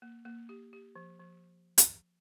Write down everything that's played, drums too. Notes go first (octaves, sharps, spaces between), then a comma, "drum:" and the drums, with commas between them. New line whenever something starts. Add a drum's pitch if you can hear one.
A#3
A#3
G4
G4
F3
F3
drum: hi-hat